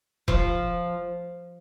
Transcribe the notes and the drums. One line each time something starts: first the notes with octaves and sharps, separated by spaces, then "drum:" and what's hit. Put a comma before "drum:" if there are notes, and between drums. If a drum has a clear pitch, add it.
F3, drum: kick E1